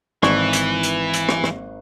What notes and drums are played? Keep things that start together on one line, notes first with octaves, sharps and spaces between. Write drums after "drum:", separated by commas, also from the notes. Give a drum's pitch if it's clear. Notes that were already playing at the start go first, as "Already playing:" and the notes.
G#1 E3 D#4 D5 C#6 F#6, drum: rim click
drum: hi-hat
drum: hi-hat
drum: hi-hat
drum: rim click
drum: rim click